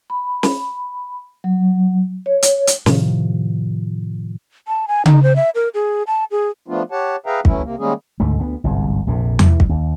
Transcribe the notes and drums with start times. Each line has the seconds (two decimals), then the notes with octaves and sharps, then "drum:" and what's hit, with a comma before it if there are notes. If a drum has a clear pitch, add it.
0.10 B5
0.43 drum: snare
1.44 F#3
2.26 C#5
2.43 drum: hi-hat
2.67 drum: hi-hat
2.86 A2 C3 D#3 F3, drum: snare
4.68 A5
4.88 G#5
5.05 D#4, drum: tom C#3
5.23 C5
5.36 E5
5.55 A#4
5.74 G#4
6.07 A5
6.31 G#4
6.68 F3 A3 B3 D4 F4
6.91 G4 C#5 F#5 A5
7.26 G#4 B4 E5 F5 G5 A#5
7.45 E3 F#3 A3 C#4 E4, drum: kick
7.63 C3 A#3
7.79 D#3 G3 G#3 A#3 C#4 G#4
8.20 D2 G#2 D3 A3
8.39 D2 B3
8.64 G1 C2 G#2
9.07 A#1 F2 C3
9.39 E3, drum: tom E2
9.60 drum: kick
9.69 D#2